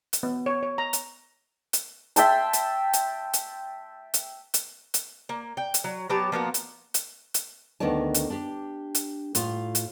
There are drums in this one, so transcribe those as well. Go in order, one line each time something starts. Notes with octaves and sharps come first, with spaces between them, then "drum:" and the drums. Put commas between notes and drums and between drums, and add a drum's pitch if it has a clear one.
drum: hi-hat
B3
C#5
C#5
A#5
drum: hi-hat
drum: hi-hat
E5 G5 A5 C6, drum: hi-hat
drum: hi-hat
drum: hi-hat
drum: hi-hat
drum: hi-hat
drum: hi-hat
drum: hi-hat
A#3
G5
drum: hi-hat
F#3
F#3 B3 G4 A5
F3 A#3 B3 F#4
drum: hi-hat
drum: hi-hat
drum: hi-hat
D2 D#3 B3 D4 D5 A5
drum: hi-hat
D4 G4
drum: hi-hat
A2 F4, drum: hi-hat
drum: hi-hat